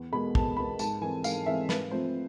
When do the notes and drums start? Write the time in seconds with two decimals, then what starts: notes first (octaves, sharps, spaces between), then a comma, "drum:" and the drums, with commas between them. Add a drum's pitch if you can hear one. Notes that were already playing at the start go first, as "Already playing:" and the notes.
Already playing: E2
0.12 B2 G#3 B3 B5
0.35 E2 A5, drum: kick
0.57 B2 G#3 B3 B5
0.79 G#2 A5, drum: tambourine
1.01 E3 G#3 C4 G#5
1.24 G#2 F5, drum: tambourine
1.46 E3 G#3 C4 E5
1.69 G#2 B4, drum: snare
1.91 F3 A3 C4 C5